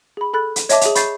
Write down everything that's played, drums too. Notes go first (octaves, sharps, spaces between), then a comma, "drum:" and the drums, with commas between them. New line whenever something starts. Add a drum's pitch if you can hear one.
G#4 B5
A4 B5 F#6 A6
drum: hi-hat
C#5 D#5 E5 A5 D6, drum: hi-hat
G#4 F7, drum: hi-hat
B5 C#6 G6 A6 C7, drum: hi-hat